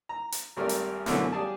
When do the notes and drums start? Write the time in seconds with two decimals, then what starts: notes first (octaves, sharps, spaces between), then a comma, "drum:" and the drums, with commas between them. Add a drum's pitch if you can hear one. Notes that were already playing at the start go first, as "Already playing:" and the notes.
0.09 A#5
0.32 drum: hi-hat
0.56 G#1 G3 A3 A#4 D5
0.69 drum: hi-hat
1.06 F#2 B2 D3 E3 A3 C#4, drum: snare
1.33 G3 G#4 D5 F5 A5